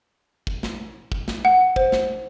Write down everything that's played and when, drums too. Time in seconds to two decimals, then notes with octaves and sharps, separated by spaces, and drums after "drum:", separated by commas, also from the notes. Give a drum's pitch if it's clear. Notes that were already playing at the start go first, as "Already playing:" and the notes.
0.47 drum: kick
0.63 drum: snare
1.12 drum: kick
1.28 drum: snare
1.45 F#5
1.76 C5, drum: kick
1.92 drum: snare